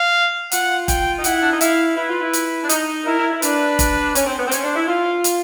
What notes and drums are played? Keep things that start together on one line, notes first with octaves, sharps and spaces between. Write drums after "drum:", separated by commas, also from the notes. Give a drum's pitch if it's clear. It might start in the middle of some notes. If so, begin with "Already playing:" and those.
Already playing: F5
F4 F#5, drum: hi-hat
G5, drum: kick, hi-hat
D#4
E4 F#5, drum: hi-hat
D4
D#4
E4 F5, drum: hi-hat
E4 B4
F4
E4
drum: hi-hat
D4
D#4, drum: hi-hat
E4 A#4
E4
E4
D4 B4, drum: hi-hat
drum: kick, hi-hat
C#4, drum: hi-hat
C4
B3
C4
C#4 C5, drum: hi-hat
D4
E4
F4 F5
drum: hi-hat